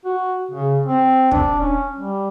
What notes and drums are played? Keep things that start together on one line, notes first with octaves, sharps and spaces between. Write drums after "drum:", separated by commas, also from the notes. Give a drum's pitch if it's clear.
F#4
C#3
C4
D4, drum: kick
C#4
G3